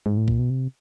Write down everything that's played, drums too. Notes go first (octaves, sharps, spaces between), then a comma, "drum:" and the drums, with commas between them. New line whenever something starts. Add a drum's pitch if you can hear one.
G#2
A2
A#2, drum: kick B1
B2
C3